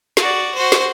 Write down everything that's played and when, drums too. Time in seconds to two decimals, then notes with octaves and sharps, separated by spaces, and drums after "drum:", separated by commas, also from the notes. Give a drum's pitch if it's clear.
0.17 F#4 D5, drum: snare
0.55 F#4 C5
0.72 drum: snare